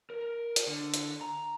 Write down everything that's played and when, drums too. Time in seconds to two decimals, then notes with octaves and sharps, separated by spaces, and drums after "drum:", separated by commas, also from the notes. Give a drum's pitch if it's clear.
0.10 A#4
0.56 drum: hi-hat
0.68 D3
0.94 drum: hi-hat
1.21 A#5